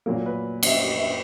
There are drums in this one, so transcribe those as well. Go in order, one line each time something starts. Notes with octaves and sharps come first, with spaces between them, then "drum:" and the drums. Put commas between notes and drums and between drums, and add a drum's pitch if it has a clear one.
A#2 F#3 A#3
B4
D#5, drum: cymbal
E5
D#5
E5